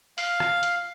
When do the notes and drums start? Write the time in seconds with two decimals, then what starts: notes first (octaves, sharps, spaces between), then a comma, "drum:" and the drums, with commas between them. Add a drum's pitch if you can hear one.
0.18 F5, drum: open hi-hat
0.40 drum: rim click
0.63 drum: hi-hat